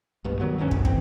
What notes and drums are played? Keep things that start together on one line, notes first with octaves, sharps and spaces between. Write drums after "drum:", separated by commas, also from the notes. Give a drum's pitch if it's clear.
B1 G2 B2
D#3 F#3 B3
D#1 D2 G2 C#4
F#1, drum: kick
E3 C4, drum: kick